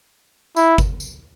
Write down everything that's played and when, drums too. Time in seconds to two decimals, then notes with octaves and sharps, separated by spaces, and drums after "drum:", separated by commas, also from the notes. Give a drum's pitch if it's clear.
0.56 E4, drum: tambourine
0.78 drum: kick G1, tambourine
1.00 drum: tambourine